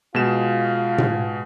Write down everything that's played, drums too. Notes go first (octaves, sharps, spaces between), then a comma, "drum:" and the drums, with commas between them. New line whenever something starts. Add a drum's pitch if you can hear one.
B2 G#3 F4 E7
drum: tom A2